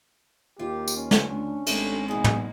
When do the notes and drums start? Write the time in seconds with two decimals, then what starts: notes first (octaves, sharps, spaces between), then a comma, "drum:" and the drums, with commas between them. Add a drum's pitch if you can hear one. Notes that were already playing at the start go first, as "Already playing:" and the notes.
0.59 D#2 F4 G4 A#4
0.88 drum: tambourine
0.97 C#4
1.11 drum: snare
1.32 D2 D4
1.66 G#1 A3 G4, drum: cymbal
2.08 E2 B2 D#4 G#4
2.24 drum: tom